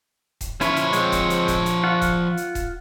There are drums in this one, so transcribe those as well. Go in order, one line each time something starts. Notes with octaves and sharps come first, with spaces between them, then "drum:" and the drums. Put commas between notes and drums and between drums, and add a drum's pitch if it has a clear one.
drum: kick D#1, hi-hat
F3 C#4 E4 B4 C#5, drum: hi-hat
drum: hi-hat
G#3 C4, drum: hi-hat
drum: kick D#1, hi-hat
drum: hi-hat
drum: kick D#1, hi-hat
drum: hi-hat
F4 F#5
drum: kick D#1, hi-hat
drum: hi-hat
drum: kick D#1, hi-hat